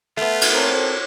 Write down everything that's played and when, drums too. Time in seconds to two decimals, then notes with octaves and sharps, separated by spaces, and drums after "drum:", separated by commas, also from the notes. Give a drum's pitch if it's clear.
0.17 A3 B3 F4
0.41 drum: cymbal
0.53 C4 A4 A#4 C5 C#5